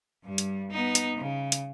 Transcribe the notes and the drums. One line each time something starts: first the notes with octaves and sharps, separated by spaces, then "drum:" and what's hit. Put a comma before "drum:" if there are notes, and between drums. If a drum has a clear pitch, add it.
G2 G3
drum: hi-hat
B3 D#4
drum: hi-hat
C#3
drum: hi-hat